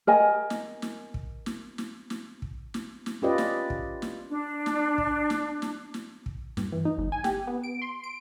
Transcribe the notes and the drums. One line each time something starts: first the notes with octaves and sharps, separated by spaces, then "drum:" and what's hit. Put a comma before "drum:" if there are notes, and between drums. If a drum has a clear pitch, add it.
A#4 D#5 G#5
drum: snare
drum: snare
drum: kick
drum: snare
drum: snare
drum: snare
drum: kick
drum: snare
drum: snare
C#4 F4 G4 B4 D5 D#5
drum: snare
drum: kick
drum: snare
D4
drum: snare
drum: kick
drum: snare
drum: snare
drum: snare
drum: kick
G2, drum: snare
E3
D#4
G1
G#5
G4, drum: snare
B3
D7
C6
D7